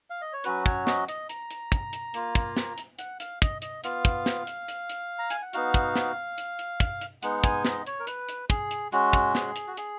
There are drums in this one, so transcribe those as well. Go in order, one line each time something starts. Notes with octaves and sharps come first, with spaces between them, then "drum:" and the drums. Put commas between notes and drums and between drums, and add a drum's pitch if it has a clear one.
F5
D#5
C#5
F#3 C#4 F#4 B4, drum: hi-hat
C#5, drum: kick
D#5, drum: snare
D#5, drum: hi-hat
A#5, drum: hi-hat
drum: hi-hat
drum: kick, hi-hat
drum: hi-hat
A#3 F4, drum: hi-hat
drum: kick, hi-hat
drum: snare
drum: hi-hat
F#5, drum: hi-hat
F5, drum: hi-hat
D#5, drum: kick, hi-hat
D#5, drum: hi-hat
B3 F4 F5, drum: hi-hat
drum: kick, hi-hat
drum: snare
drum: hi-hat
drum: hi-hat
drum: hi-hat
A#5
G#5, drum: hi-hat
F#5
B3 D#4 F#4 F5, drum: hi-hat
drum: kick, hi-hat
drum: snare
drum: hi-hat
drum: hi-hat
drum: kick, hi-hat
drum: hi-hat
G#3 B3 D#4 F#5, drum: hi-hat
G#5, drum: kick, hi-hat
D#5, drum: snare
C#5, drum: hi-hat
A#4
B4, drum: hi-hat
drum: hi-hat
G#4, drum: kick, hi-hat
drum: hi-hat
G#3 C#4 F#4, drum: hi-hat
drum: kick, hi-hat
G#4, drum: snare
drum: hi-hat
F#4
G#4, drum: hi-hat